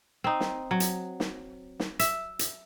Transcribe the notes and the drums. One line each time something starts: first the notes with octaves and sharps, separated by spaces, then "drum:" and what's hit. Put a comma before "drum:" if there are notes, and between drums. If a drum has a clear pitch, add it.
C4 D#4
drum: snare
F#3
drum: hi-hat
drum: snare
drum: snare
E5, drum: hi-hat
drum: hi-hat